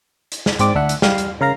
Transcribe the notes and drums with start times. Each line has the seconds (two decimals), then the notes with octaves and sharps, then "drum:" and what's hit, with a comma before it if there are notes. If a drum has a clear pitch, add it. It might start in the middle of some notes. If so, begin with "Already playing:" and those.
0.32 drum: hi-hat
0.46 drum: snare
0.59 G#2 C4 D5 D6, drum: hi-hat
0.75 D2 D4 E5 F#5
0.89 drum: hi-hat
1.02 G3 F5, drum: snare
1.18 drum: hi-hat
1.41 C#3 A#4 F5 A#5